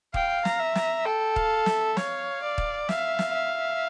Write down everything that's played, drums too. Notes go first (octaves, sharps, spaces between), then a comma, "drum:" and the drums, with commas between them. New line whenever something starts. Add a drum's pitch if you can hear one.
F5 G5, drum: kick
A#5, drum: snare
E5
A#5, drum: snare
A4 G5
F5, drum: kick
E5, drum: snare
C#5 F5, drum: snare
D5
drum: kick
E5 F5, drum: snare
drum: snare
E5